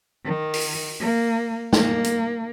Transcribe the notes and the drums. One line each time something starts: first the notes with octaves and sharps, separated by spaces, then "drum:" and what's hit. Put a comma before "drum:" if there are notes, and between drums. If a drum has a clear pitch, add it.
D#3
drum: open hi-hat
A#3
A#3, drum: snare
drum: hi-hat